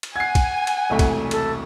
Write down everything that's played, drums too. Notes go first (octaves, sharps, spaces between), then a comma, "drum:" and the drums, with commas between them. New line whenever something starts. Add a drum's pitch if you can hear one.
drum: cymbal
F#5 G#5 G#6 C7
drum: kick, cymbal
drum: cymbal
E1 C2 A3
drum: kick, cymbal
A4, drum: cymbal